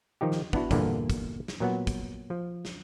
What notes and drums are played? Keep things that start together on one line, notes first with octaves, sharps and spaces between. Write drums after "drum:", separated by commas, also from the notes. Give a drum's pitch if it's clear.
D#3 F3 D#4 G4
drum: snare
B3 D4 E4 F#4, drum: kick
E2 G2 A#2 D3 A#3 B3, drum: kick, hi-hat
drum: kick, hi-hat
drum: snare
A#2 F#3 B3 F#5
drum: kick, hi-hat
F3
drum: snare